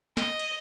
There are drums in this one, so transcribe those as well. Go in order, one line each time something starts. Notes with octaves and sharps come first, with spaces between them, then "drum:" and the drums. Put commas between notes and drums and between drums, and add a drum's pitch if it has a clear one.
D#5, drum: snare
drum: cymbal